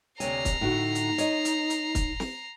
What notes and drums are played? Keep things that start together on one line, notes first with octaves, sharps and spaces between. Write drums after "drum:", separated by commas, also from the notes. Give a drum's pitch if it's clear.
D2 C3 C#5 G#5 A#5 C7, drum: hi-hat
drum: kick, hi-hat
A2 D3 D#4 F#4
drum: hi-hat
C#5 D#5, drum: hi-hat
drum: hi-hat
drum: hi-hat
drum: kick, hi-hat
drum: snare